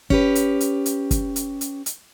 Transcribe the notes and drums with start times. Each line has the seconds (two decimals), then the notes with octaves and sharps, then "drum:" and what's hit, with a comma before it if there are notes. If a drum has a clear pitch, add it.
0.10 C#4 G4 B4, drum: kick
0.35 drum: hi-hat
0.61 drum: hi-hat
0.86 drum: hi-hat
1.11 drum: kick, hi-hat
1.36 drum: hi-hat
1.61 drum: hi-hat
1.86 drum: hi-hat